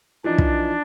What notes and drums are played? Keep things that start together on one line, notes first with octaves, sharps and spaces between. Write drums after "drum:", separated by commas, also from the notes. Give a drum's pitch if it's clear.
E3 F3 D4 D#4
drum: kick